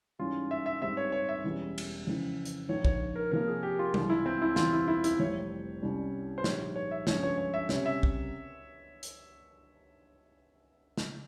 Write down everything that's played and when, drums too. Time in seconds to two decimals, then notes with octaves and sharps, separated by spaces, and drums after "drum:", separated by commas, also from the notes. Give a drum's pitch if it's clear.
0.19 G#2 E3 G3 C#4 F4
0.51 E5
0.66 E5
0.82 G#2 G3 C4 G4 E5
0.97 C#5
1.12 C#5
1.29 E5
1.44 E1 E2 E3 G3 C#4
1.78 drum: cymbal
2.07 F2 C#3 E3
2.45 drum: hi-hat
2.69 A#1 G#2 F3 C#5
2.85 C#5, drum: kick
3.16 A#4
3.32 C3 F3 A#3 A#4
3.48 G#4
3.63 G4
3.79 F4
3.94 C2 C3 E3 G#3 F4, drum: tom F#3
4.10 E4
4.26 C4
4.42 E4
4.56 E1 E2 E3 G3 F4, drum: snare
4.73 E4
4.88 E4
5.04 E4, drum: hi-hat
5.19 F1 F2 E3 G3 C#5
5.82 C2 C3 G3 C#4
6.38 C5
6.44 A#1 G#2 G3 C#5, drum: snare
6.76 C#5
6.91 E5
7.07 G2 F3 G#3 C#4 C#5, drum: snare
7.23 C#5
7.38 C#5
7.54 E5
7.69 C3 G3 C#4 C#5, drum: snare
7.86 E5
8.03 drum: kick
9.03 drum: hi-hat
10.98 drum: snare